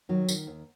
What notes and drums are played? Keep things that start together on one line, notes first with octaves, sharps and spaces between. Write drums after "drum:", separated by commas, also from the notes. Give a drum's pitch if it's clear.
D#3 F#3
D#3, drum: tambourine
D#2